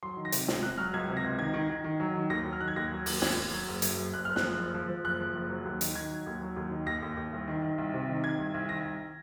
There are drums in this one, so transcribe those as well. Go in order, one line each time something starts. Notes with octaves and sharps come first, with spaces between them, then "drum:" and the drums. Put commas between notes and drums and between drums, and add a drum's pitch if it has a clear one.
F#3 C6
D#3
A#6
C3, drum: hi-hat
C#2, drum: snare
C#2 F#6
F#3 F6
C#2 G#6
C3
A#6
C#2
D#3 G#6
D#3
D#3
D#3
F#3
D#3
D#2 A#6
F#3
F6
D#3 F#6
G#6
D#2 A#6
F#3
D#2, drum: open hi-hat
D#2 G#6, drum: snare
D#2
F#3
F#1
F#2, drum: hi-hat
F#1
F#1 F#6
F#1 F6
F#6, drum: snare
F3
F#1
F3
F3
F#1 F#6
F3
F#1
F#3
D#2
D#3, drum: hi-hat
D#3 G#6
F#3
D#2
F#3
D#2
D#3
D#2 A#6
D#2
D#2
C2
D#3
D#3
C2
C3
D#3
D#3 G#6
C2
C2
D#3 A#6
C2